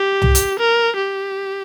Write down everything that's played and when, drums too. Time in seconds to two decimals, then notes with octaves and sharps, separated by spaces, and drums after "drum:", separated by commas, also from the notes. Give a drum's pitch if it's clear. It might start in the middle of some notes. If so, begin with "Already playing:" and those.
Already playing: G4
0.22 drum: tom C2
0.35 drum: hi-hat
0.59 A#4
0.96 G4